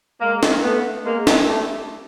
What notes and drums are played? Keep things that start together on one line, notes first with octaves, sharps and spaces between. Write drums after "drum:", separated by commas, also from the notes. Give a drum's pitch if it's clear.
G#3 A#3
drum: snare
A3 B3
G#3 A#3
drum: snare
G3 A3